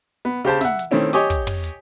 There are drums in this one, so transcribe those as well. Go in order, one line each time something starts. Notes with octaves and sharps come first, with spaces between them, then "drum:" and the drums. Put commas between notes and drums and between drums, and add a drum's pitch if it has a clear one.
B3
C#3 G4 C5 A5
E5 F#5, drum: snare
drum: hi-hat
D#3 A3 C4 C#4 E4
G4 C#5 D#5 G#5 D6, drum: hi-hat
drum: kick, hi-hat
drum: tom
drum: hi-hat